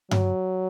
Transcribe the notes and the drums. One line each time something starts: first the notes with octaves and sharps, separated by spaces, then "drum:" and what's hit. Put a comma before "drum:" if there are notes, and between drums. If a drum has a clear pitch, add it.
F#3, drum: tom G2